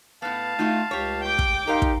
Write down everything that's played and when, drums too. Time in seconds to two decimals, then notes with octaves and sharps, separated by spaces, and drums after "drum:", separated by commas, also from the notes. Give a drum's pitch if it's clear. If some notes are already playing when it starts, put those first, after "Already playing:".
0.22 A2 B3 F5 A5
0.59 A3 D#4 F4 F#4
0.91 C#2 G4 C#5
1.22 G5 D6 G6
1.39 drum: kick
1.67 D#4 G4 A#4 C5 F5
1.82 drum: kick